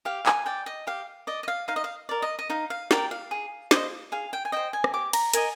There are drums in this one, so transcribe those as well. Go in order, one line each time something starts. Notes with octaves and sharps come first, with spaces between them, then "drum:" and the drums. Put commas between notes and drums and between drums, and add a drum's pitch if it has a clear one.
G4 F5
G#5, drum: clap
D5 G5
D#5
G4 F5
D5 D#5
D#5
F5
D#4 F5
D#5
F5
A#4 D5
D#5
D#5
D#4 F5
F5
A#4 D5 G5, drum: snare
F5
G#4
C5 D#5, drum: snare
G#4 F5
G5
G#5
C5 D#5 G5
G#5
drum: rim click
G4 D6
A#5, drum: cymbal
A#4 D#5 G#5, drum: hi-hat